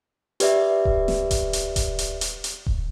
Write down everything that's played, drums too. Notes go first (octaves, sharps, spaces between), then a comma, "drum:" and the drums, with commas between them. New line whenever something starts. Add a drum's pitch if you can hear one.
G4 B4 D5 E5, drum: hi-hat
drum: kick D#1
drum: snare
drum: kick D#1, hi-hat
drum: hi-hat
drum: kick D#1, hi-hat
drum: hi-hat
drum: hi-hat
drum: hi-hat
drum: kick D#1